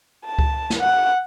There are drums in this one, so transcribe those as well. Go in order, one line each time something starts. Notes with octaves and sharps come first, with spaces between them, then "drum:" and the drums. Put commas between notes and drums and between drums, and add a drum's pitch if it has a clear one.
A5
drum: kick C#2
drum: snare
F#5